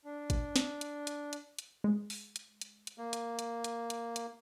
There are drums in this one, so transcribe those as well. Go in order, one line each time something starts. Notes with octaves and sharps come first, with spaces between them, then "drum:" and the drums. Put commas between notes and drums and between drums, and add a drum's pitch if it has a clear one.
D4
drum: kick, hi-hat
drum: snare
drum: hi-hat
drum: hi-hat
drum: hi-hat
drum: hi-hat
G#3
drum: open hi-hat
drum: hi-hat
drum: hi-hat
drum: hi-hat
A#3
drum: hi-hat
drum: hi-hat
drum: hi-hat
drum: hi-hat
drum: hi-hat